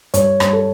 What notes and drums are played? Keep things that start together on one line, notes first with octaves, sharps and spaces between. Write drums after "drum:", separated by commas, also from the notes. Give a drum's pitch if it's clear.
G2 C#5, drum: hi-hat
G2, drum: rim click
A4